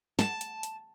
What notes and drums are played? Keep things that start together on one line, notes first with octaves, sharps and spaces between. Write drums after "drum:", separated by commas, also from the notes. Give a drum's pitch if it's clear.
A5, drum: snare
drum: hi-hat
drum: hi-hat